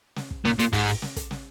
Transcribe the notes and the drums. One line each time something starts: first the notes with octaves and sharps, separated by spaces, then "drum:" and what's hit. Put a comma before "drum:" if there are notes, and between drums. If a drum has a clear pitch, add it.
drum: snare
drum: kick
A#2, drum: snare
A#2, drum: hi-hat
G#2, drum: kick, open hi-hat
drum: open hi-hat
drum: snare
drum: kick, hi-hat
drum: snare